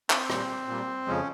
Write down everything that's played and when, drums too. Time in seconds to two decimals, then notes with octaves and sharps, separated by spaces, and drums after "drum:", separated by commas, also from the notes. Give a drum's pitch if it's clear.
0.10 C4, drum: clap
0.30 A#2 G3, drum: rim click
0.68 A#2 G3
1.07 F2 C#3 F3 G#3 C#4